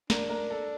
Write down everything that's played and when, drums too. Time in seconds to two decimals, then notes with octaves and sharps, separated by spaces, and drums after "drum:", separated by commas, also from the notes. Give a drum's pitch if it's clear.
0.10 D4 A#4, drum: snare
0.29 A#4
0.50 A4